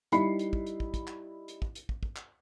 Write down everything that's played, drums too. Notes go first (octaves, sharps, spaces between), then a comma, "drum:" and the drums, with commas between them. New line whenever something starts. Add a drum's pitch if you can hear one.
G3 D#4 E4 B5 C7 C#7, drum: hi-hat
drum: hi-hat
drum: kick
drum: hi-hat
drum: kick
drum: kick, hi-hat
drum: clap
drum: hi-hat
drum: kick
drum: hi-hat
drum: kick
drum: kick
drum: clap